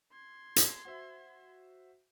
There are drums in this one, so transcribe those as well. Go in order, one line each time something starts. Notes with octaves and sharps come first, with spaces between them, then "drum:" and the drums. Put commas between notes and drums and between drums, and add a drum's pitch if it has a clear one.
C6 G#6
drum: hi-hat
F#4 C5 E5